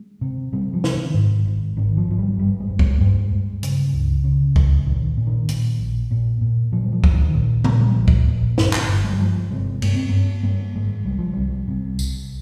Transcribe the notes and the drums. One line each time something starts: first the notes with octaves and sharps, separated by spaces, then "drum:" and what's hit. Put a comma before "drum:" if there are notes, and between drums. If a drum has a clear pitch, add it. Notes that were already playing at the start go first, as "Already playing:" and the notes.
Already playing: G#3
C3
C3 G3
F3
C3, drum: snare
D#3
G#2
G#1
G#1 D#3
F3
G#1 F3
G3
G2 G3
G#3
G2
A#3, drum: kick
G2 G#3
G2
C#3, drum: hi-hat
C#2
C#3
C#2, drum: kick
A#1 D#3
A#2
D#3
A#2, drum: hi-hat
A#1
A#2
A#2
A#2 F3
G3
F3
A#1, drum: kick
F3
D#3
A#2
A#2 C4, drum: tom A#2
A#3
G#3
G3
A#1 F3
drum: kick
A#2
G1, drum: snare
drum: clap
G1
G#3
G3
G1 F3
C3 G#3
G2 A#3, drum: cymbal
C4
G2 A#3
G2 A#3
G#1 G#3
C2 G3
F3
C2 G3
C3 G3
C2, drum: tambourine